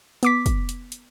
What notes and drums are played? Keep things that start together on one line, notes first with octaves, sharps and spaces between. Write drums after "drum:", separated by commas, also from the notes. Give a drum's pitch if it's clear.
B3 D6 B6, drum: hi-hat
drum: kick, hi-hat
drum: hi-hat
drum: hi-hat